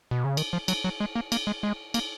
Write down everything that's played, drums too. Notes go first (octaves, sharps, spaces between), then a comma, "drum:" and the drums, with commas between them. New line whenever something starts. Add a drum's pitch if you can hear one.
B2
C#3
D#3, drum: cymbal
F3
F#3, drum: cymbal
F#3
G#3
A#3
A#3, drum: cymbal
G#3
G#3
A#3, drum: cymbal